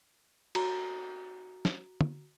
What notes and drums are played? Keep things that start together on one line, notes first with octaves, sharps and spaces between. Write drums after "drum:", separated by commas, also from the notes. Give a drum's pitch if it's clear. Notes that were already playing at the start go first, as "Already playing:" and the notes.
F#4 A#5, drum: cymbal
drum: snare
drum: tom